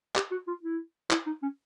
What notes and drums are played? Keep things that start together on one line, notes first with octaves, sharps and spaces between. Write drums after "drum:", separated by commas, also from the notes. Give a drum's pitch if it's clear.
G4, drum: clap
F#4
F4
E4
E4, drum: clap
D#4
C#4